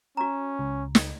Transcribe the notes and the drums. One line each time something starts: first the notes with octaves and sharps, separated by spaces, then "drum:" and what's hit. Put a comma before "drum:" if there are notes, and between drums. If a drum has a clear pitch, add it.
C#4 F#4 A#5
C#2
drum: snare